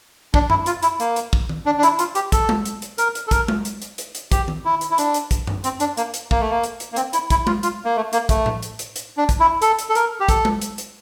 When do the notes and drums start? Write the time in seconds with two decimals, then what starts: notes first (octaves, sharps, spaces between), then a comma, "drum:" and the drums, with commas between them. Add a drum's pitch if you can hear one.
0.34 D4, drum: kick
0.50 E4, drum: tom F#2
0.66 F4, drum: hi-hat
0.83 E4, drum: hi-hat
1.00 A#3, drum: hi-hat
1.16 drum: hi-hat
1.33 drum: kick
1.49 drum: tom D#3
1.66 D4
1.78 D4
1.83 E4, drum: hi-hat
1.99 F4, drum: hi-hat
2.15 G4, drum: hi-hat
2.32 A4, drum: kick, hi-hat
2.49 drum: tom G#3
2.65 drum: hi-hat
2.82 drum: hi-hat
2.98 A#4, drum: hi-hat
3.15 drum: hi-hat
3.27 A4
3.31 A#4, drum: kick, hi-hat
3.48 drum: tom G#3
3.65 drum: hi-hat
3.82 drum: hi-hat
3.98 drum: hi-hat
4.15 drum: hi-hat
4.32 G4, drum: kick, hi-hat
4.48 drum: tom D#3
4.65 E4
4.81 drum: hi-hat
4.91 E4
4.98 D4, drum: hi-hat
5.14 drum: hi-hat
5.31 drum: kick, hi-hat
5.47 drum: tom F#2
5.64 C4, drum: hi-hat
5.80 D4, drum: hi-hat
5.97 A#3, drum: hi-hat
6.14 drum: hi-hat
6.31 A#3, drum: kick
6.40 A3
6.51 A#3
6.64 drum: hi-hat
6.80 drum: hi-hat
6.92 A#3
6.96 C4, drum: hi-hat
7.13 E4, drum: hi-hat
7.30 E4, drum: kick, hi-hat
7.47 F4, drum: tom G#3
7.63 F4, drum: hi-hat
7.85 A#3
7.97 A3
8.13 A#3, drum: hi-hat
8.29 A3, drum: kick, hi-hat
8.46 drum: tom A2
8.63 drum: hi-hat
8.79 drum: hi-hat
8.96 drum: hi-hat
9.17 D4
9.29 drum: kick, hi-hat
9.40 E4
9.62 A4, drum: hi-hat
9.79 drum: hi-hat
9.89 A4
9.95 A#4, drum: hi-hat
10.20 G4
10.29 A4, drum: kick, hi-hat
10.45 drum: tom G#3
10.62 drum: hi-hat
10.78 drum: hi-hat